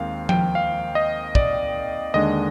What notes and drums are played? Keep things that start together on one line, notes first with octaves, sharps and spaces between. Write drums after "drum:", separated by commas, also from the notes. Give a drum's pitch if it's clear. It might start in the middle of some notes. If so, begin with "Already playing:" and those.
Already playing: D#2 D#3 G#3 C4 F5
G5, drum: tom F3
F5
D#5
D5, drum: kick
D#2 D3 G#3 D4 D#5